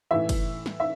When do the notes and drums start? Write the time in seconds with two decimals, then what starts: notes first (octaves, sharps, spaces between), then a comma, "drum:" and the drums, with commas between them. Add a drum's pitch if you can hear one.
0.11 A2 E3 E5
0.29 drum: kick, cymbal
0.66 drum: snare
0.80 E5